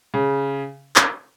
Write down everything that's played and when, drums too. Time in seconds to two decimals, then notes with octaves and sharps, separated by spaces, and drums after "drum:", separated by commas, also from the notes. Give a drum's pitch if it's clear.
0.14 C#3
0.96 drum: clap